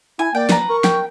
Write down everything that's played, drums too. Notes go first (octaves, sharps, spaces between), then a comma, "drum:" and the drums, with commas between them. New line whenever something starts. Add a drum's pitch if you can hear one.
E4 G#5
A#3 D5 G5
B4 A#5, drum: snare
A#4 C#6
G5, drum: snare